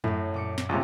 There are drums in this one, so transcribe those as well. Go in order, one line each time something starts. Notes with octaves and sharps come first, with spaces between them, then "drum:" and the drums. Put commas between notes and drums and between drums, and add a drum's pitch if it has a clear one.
F#2 A2 F#3, drum: tom G#2
A#2 D6 C#7
drum: snare
C#2 C3 G3 A#3 C#4